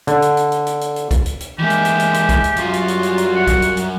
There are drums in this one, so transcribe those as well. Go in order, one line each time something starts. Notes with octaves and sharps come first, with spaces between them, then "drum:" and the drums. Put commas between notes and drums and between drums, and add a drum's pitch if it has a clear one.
D3, drum: hi-hat
drum: hi-hat
drum: hi-hat
drum: hi-hat
drum: hi-hat
drum: hi-hat
drum: hi-hat
drum: kick B1, hi-hat
drum: hi-hat
drum: hi-hat
E3 G#3 A#3 G4 E5
drum: hi-hat
drum: hi-hat
drum: hi-hat
drum: hi-hat
drum: kick B1, hi-hat
drum: hi-hat
F#2 G3 F4 F#4, drum: hi-hat
drum: hi-hat
drum: hi-hat
drum: hi-hat
drum: hi-hat
F#5
drum: kick B1, hi-hat
drum: hi-hat
drum: hi-hat